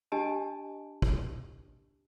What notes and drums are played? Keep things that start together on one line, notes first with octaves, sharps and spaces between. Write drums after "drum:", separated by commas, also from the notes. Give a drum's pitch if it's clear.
D4 G4 D#5 G#5 A5
drum: kick